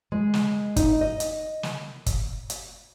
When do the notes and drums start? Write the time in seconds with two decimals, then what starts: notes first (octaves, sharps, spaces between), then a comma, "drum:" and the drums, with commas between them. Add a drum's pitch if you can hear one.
0.12 G#3
0.34 drum: snare
0.76 D#4, drum: kick, hi-hat
1.01 D#5
1.20 drum: hi-hat
1.63 drum: snare
2.06 drum: kick, hi-hat
2.50 drum: hi-hat